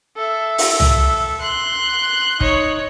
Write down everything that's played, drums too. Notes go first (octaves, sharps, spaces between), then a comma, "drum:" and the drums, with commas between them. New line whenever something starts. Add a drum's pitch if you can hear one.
A4 E5
drum: open hi-hat
drum: tom C2
C6 F#6
D#4 C#5, drum: kick